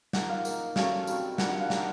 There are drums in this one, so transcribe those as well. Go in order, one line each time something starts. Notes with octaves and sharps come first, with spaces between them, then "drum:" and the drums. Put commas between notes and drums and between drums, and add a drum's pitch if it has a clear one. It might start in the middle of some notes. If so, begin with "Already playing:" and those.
F3 A#3 D#4 F#5, drum: snare
F5
A#3 D#4, drum: tambourine
F#3 A3 C#4 F5, drum: snare
G3 C4 D#4, drum: tambourine
G3 A#3 D4 F4 F#5, drum: snare
F#5
F5
A#3 D#4 F#5, drum: snare